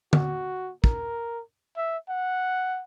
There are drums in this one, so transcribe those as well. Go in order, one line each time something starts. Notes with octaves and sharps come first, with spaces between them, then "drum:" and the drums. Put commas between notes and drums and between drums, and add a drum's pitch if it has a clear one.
F#4, drum: tom
A#4, drum: kick
E5
F#5